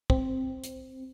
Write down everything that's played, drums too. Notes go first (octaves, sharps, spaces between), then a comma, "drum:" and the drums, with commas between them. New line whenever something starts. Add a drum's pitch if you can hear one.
C4, drum: kick
drum: hi-hat